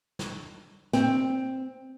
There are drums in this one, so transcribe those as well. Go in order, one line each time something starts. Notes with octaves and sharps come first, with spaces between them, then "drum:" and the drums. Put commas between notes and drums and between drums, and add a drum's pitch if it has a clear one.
drum: snare
C4, drum: snare